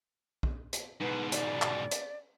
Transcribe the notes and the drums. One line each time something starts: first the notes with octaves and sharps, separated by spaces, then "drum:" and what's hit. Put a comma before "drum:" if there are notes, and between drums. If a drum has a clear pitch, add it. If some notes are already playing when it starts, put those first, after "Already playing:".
drum: kick
drum: hi-hat
G#2 B2 B4
D5, drum: hi-hat
drum: clap
drum: hi-hat